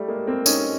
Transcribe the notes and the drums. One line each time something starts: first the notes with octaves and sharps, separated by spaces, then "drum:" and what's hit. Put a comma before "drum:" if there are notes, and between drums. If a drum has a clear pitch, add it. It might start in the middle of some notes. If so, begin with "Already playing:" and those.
Already playing: G3 A3
G#3 A#3
A#3 C4
C#4 D#4, drum: tambourine